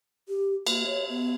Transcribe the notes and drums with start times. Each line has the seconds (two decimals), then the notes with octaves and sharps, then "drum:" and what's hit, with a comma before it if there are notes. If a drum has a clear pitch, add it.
0.28 G4
0.67 A#3, drum: cymbal
0.87 C#5
1.09 B3